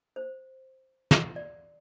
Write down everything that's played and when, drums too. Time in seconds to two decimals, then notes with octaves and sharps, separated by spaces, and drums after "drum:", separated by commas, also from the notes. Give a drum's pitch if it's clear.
0.16 C5
1.11 drum: snare
1.36 D5